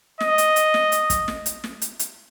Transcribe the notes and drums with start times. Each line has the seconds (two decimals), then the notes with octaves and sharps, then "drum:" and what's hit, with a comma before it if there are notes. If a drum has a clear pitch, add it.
0.20 D#5, drum: snare
0.38 drum: hi-hat
0.56 drum: hi-hat
0.74 drum: snare
0.92 drum: hi-hat
1.10 drum: kick, hi-hat
1.28 drum: snare
1.46 drum: hi-hat
1.64 drum: snare
1.82 drum: hi-hat
1.99 drum: hi-hat